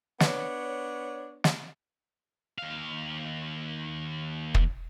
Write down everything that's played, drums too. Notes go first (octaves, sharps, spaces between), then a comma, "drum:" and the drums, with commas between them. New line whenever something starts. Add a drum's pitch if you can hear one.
B3 D4 C#5, drum: snare
drum: snare
D#2 F5
drum: kick